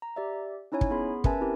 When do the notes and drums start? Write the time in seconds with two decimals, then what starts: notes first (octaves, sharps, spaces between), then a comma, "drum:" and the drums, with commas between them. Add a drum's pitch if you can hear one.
0.02 A#5
0.16 G4 D5 E5
0.72 C#4 D#4 E4 C#5 G#5
0.81 drum: kick
0.91 B3 G#4 B5 C6
1.24 C#4 A#4 B4 E5 G#5 A5, drum: kick
1.41 C4 E4 G4 A#4